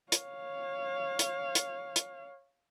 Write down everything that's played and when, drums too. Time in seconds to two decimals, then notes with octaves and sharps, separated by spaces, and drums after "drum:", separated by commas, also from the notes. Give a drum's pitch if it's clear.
0.12 C#5 F5, drum: hi-hat
1.19 drum: hi-hat
1.55 drum: hi-hat
1.96 drum: hi-hat